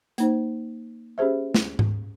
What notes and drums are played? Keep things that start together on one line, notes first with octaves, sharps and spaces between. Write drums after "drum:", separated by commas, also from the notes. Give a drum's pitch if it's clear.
A#3 D#4 C5, drum: hi-hat
C#4 G4 G#4 C5 E5
drum: snare
drum: tom G#2